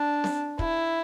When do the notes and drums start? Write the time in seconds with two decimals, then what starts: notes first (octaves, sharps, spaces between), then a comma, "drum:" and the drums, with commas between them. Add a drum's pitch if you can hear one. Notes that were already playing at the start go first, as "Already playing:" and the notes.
Already playing: D4
0.24 drum: snare C4
0.59 E4, drum: kick